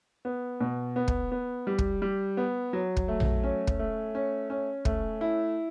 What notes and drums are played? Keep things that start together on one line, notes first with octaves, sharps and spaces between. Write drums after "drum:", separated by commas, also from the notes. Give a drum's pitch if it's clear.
B3
B2
B3
drum: kick
B3
G3
drum: kick
G3
B3
F#3
drum: kick
A3
drum: tom A#1
C#4
drum: kick
A3
C#4
C#4
A3, drum: kick
E4